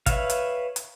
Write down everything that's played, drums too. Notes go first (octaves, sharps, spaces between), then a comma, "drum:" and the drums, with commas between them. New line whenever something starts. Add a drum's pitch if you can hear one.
B4 C#5 E5 F5, drum: kick, hi-hat
drum: hi-hat
drum: hi-hat